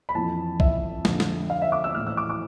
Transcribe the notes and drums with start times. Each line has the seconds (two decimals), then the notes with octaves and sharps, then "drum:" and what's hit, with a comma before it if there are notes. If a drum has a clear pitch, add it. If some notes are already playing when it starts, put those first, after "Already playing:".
0.09 B5
0.15 F2 E3 A5
0.60 E5, drum: kick
1.05 F2 D3, drum: snare
1.20 drum: snare
1.50 F5
1.62 E5
1.72 D6
1.84 E6
1.95 A2 E3 F6
2.07 E6
2.17 D6
2.30 D6